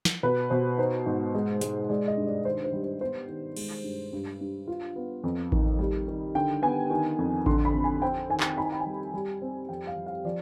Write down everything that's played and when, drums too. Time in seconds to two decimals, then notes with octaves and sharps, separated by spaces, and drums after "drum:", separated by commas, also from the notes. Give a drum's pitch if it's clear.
0.05 drum: snare
0.23 B2 B4
0.50 B2 C5
0.78 D#4 C5
1.06 G#2
1.35 G#3
1.61 G#3, drum: hi-hat
1.89 G#3 D5
2.08 D#5
2.17 G2
2.27 D5
2.45 D#3 C5
2.64 C5
2.73 G3
2.83 C5
3.01 B3 C5
3.28 D#3
3.57 G#3, drum: cymbal
3.84 G2
4.13 G2
4.41 G2
4.67 F4
4.96 B3
5.24 F2
5.52 D#3, drum: kick A1
5.79 G3
6.08 D#3
6.35 D3 G5
6.62 B3 G#5
6.90 D#3
7.19 F2
7.46 D3 C6, drum: kick A1
7.65 B5
7.74 F2
7.84 G#5
8.02 C4 G5
8.30 D#3 G#5
8.40 drum: clap
8.57 D#4 B5
8.65 G#5
8.72 G5
8.80 G#5
8.86 G3
9.14 G3
9.42 C4
9.69 F2 G5
9.87 F5
9.97 F3
10.06 F5
10.25 F3 D5